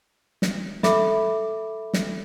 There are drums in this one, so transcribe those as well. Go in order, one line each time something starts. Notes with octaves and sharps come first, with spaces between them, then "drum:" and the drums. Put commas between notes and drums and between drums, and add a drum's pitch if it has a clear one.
drum: snare
A4 E5 B5 D6, drum: snare
drum: snare